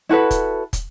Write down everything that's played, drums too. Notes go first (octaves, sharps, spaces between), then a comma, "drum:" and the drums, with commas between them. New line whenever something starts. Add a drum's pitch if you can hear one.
E4 F#4 A4 B4
drum: kick, hi-hat
drum: kick, hi-hat